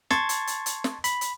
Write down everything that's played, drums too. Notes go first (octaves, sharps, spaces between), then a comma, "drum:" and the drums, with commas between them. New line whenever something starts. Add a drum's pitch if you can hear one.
A5 C6 C#6 G#6 A6, drum: snare
drum: hi-hat
drum: hi-hat
drum: hi-hat
drum: snare
B5, drum: hi-hat
drum: hi-hat